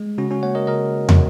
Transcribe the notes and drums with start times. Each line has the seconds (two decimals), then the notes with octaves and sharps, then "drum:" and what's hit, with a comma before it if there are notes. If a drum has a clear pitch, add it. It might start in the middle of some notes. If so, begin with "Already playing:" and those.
Already playing: G#3
0.18 C#3 C#4 F#4
0.31 C#4 F#4
0.43 A#3 C#5 F#5
0.55 A#4 D#5
0.67 C#3 A#4 D#5
1.09 drum: tom